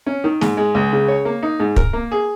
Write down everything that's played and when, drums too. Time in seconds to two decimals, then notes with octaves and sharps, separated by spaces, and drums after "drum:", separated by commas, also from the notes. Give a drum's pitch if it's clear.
0.07 C#4
0.24 D#3
0.41 G#2, drum: snare
0.57 G#3
0.75 C#2
0.92 C#3
1.08 C#5
1.25 A#3
1.43 D#4
1.60 G#2
1.76 A#4, drum: kick
1.93 A#3
2.12 G#4